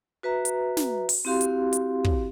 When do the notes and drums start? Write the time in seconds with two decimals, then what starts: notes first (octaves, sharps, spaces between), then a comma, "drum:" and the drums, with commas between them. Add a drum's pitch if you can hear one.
0.23 F#4 B4 E5 A#5
0.45 drum: hi-hat
0.77 drum: snare
1.09 drum: open hi-hat
1.25 C4 E4 F#4 G4 F5 C6
1.41 drum: hi-hat
1.73 drum: hi-hat
2.04 drum: kick